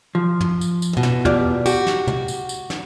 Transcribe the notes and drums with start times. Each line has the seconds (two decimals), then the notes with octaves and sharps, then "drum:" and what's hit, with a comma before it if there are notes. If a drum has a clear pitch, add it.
0.15 F3
0.40 drum: tom
0.61 drum: tambourine
0.82 drum: tambourine
0.93 E2 B2
1.03 drum: snare
1.25 F4 G4 D5, drum: tom
1.66 F#4 G4, drum: tambourine
1.87 drum: snare
2.07 drum: tom
2.28 drum: tambourine
2.49 drum: tambourine
2.70 drum: snare